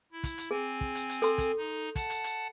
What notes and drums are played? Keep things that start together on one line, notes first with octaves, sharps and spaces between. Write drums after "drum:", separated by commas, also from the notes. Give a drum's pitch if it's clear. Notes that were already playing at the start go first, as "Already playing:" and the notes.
E4
drum: kick, hi-hat
drum: hi-hat
C4 G#4 G#5
drum: kick
drum: hi-hat
drum: hi-hat
A4 C6, drum: hi-hat
drum: kick, hi-hat
D#4
F#5 A5, drum: kick, hi-hat
drum: hi-hat
drum: hi-hat